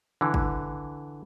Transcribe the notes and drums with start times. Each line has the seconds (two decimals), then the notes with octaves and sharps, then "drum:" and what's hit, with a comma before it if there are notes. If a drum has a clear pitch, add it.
0.21 D3 E3
0.34 drum: kick